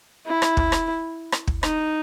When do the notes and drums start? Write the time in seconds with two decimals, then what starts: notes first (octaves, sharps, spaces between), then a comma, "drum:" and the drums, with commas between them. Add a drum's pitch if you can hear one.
0.27 E4
0.42 drum: rim click
0.57 drum: kick
0.72 drum: rim click
1.32 drum: rim click
1.47 drum: kick
1.63 D#4, drum: rim click